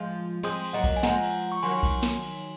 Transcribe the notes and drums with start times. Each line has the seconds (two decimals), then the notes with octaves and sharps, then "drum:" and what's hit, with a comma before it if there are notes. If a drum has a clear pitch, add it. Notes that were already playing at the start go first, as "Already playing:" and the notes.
Already playing: F3 G#3
0.43 G#3 C4 C6 D#6, drum: cymbal
0.64 drum: cymbal
0.73 F#3 A#3 D#5 F#5
0.84 drum: kick B1, cymbal
0.97 G#5
1.03 F3 G#3 F#5 A#5, drum: snare
1.23 drum: cymbal
1.52 C#6
1.63 D#3 F#3 G#5 C6, drum: cymbal
1.83 drum: kick B1, cymbal
2.03 drum: snare
2.23 drum: cymbal